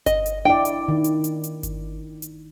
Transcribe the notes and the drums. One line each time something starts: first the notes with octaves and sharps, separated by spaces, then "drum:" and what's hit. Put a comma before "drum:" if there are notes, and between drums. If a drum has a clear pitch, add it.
D#5, drum: kick G1, hi-hat
drum: hi-hat
D4 E4 D5 G5
drum: hi-hat
D#3
drum: hi-hat
drum: hi-hat
drum: hi-hat
drum: kick G1, hi-hat
drum: hi-hat